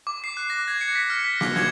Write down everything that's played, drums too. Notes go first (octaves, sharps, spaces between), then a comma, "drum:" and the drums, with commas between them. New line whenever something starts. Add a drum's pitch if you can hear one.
D6
C7
F#6
A#6
G#6
C#7
B6
F6
B6
D6, drum: snare
G#6, drum: snare